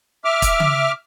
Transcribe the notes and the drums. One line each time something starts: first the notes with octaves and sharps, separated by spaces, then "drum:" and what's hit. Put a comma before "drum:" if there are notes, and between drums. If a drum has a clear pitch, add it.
E5 D6 F6
drum: kick, hi-hat
drum: tom C#3